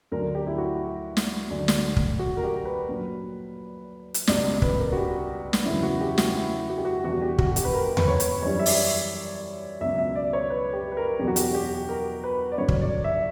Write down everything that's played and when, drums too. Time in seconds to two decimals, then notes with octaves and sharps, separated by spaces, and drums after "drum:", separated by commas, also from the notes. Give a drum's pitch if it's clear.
0.12 D2 D3 F#3 A#4
0.35 G4
0.47 E4
0.58 F#4
1.17 drum: snare
1.50 D2 D3 F#3
1.68 drum: snare
1.96 drum: kick
2.19 F#4
2.37 A#4
2.43 G4
2.65 B4
2.89 A#2 F#3
4.14 drum: hi-hat
4.27 C#2 B2 G3 D5, drum: snare
4.62 B4, drum: kick
4.79 A#4
4.92 F#4
4.97 G4
5.53 drum: snare
5.66 E2 C#3 F#3 E4
5.83 F#4
6.01 G4
6.18 F#4, drum: snare
6.35 E4
6.70 F#4
6.77 G4
6.85 F#4
7.04 E2 B2 G3 F#4
7.22 G4
7.38 F#4, drum: kick
7.52 F#4
7.56 G4, drum: hi-hat
7.65 B4
7.73 A#4
7.97 B4, drum: tom E2
8.08 C#5
8.20 B4, drum: hi-hat
8.42 F#2 E3 G3 C#5
8.59 E5
8.66 D5, drum: open hi-hat
9.81 C#2 B2 F#3 E5
9.99 E5
10.15 D5
10.33 C#5
10.50 B4
10.73 G4
10.92 B4
10.97 A#4
11.19 E2 B2 F#3 G4
11.27 F#4
11.36 G4, drum: hi-hat
11.54 G4
11.89 A#4
12.24 B4
12.52 D5
12.58 G2 D3 F#3 C#5
12.68 drum: kick
12.81 D5
13.04 E5
13.13 D5